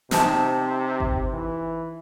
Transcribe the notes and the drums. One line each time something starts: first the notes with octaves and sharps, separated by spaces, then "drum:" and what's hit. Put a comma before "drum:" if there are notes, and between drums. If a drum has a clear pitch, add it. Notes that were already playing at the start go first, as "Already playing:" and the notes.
C3 D#4 C5 A5, drum: snare
drum: kick G1
E3